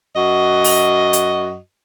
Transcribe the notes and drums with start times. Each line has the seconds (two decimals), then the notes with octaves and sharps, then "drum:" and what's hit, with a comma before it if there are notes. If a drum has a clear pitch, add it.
0.16 F#2 F#4 D#5
0.64 drum: open hi-hat
1.13 drum: hi-hat